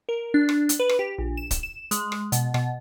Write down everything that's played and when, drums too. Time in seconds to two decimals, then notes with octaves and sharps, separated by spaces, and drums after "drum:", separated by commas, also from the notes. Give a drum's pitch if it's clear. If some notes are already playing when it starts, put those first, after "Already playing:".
0.09 A#4
0.34 D4
0.49 drum: rim click
0.69 drum: hi-hat
0.80 B4
0.89 drum: rim click
0.99 G4
1.19 A#1
1.37 E7
1.51 drum: kick, hi-hat
1.63 E7
1.91 G#3, drum: hi-hat
2.12 drum: rim click
2.32 B2, drum: hi-hat
2.54 B2, drum: rim click